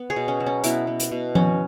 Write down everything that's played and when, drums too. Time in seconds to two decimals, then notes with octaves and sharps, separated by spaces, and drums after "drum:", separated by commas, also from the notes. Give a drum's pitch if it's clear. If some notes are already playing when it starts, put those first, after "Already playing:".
Already playing: B3
0.10 G#4 C#5
0.16 B2
0.28 C#4
0.40 F#3
0.46 C#4
0.64 B2 B3 E4, drum: hi-hat
0.87 B3
1.00 drum: hi-hat
1.12 B2
1.35 B3 C#4, drum: tom F3